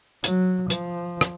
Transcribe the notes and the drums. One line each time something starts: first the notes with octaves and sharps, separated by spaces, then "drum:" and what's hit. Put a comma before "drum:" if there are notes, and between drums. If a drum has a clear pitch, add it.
F#3, drum: hi-hat
F3, drum: hi-hat
drum: rim click